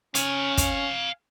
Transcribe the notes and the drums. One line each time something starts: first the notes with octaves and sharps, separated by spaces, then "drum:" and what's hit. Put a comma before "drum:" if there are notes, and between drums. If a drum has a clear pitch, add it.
C#4 F5 G#5, drum: hi-hat
drum: kick, hi-hat